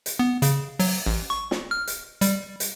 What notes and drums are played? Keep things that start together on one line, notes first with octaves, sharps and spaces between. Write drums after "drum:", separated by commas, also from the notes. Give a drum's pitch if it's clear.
drum: hi-hat
B3
C#3, drum: hi-hat
F#3, drum: open hi-hat
A1
C#6
drum: snare
F6
drum: hi-hat
G3, drum: hi-hat
drum: hi-hat